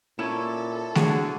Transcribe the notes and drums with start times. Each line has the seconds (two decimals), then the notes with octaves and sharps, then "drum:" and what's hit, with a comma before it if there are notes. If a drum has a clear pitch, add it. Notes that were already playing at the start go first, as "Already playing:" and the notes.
0.19 A#2 C#4 E4 A4 C#5
0.95 D3 F#4 G#4 C#5, drum: snare A3